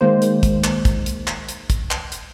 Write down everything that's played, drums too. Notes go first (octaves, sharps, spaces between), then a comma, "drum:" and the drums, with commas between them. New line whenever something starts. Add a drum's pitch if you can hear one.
D#3 G#3 A#3 C5
drum: hi-hat
drum: kick, hi-hat
drum: clap
drum: kick, hi-hat
drum: hi-hat
drum: clap
drum: hi-hat
drum: kick, hi-hat
drum: clap
drum: hi-hat